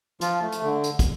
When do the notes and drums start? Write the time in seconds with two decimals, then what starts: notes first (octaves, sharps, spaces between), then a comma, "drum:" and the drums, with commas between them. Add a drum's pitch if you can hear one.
0.21 F3 F4, drum: hi-hat
0.42 A3
0.52 drum: hi-hat
0.63 D3
0.84 drum: hi-hat
0.99 drum: kick, hi-hat